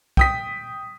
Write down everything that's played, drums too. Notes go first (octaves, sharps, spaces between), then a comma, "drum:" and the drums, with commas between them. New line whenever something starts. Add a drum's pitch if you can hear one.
G5 D#6 B6, drum: kick